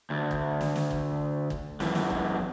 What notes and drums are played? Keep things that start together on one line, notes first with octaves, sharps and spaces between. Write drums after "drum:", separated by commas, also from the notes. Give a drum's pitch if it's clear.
D2
drum: kick
drum: snare
drum: snare
drum: kick
drum: kick
F#2 E3, drum: snare
drum: snare
drum: kick